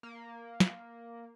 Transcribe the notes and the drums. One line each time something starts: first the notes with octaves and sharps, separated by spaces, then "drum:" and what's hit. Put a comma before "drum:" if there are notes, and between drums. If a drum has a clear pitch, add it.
A#3
drum: snare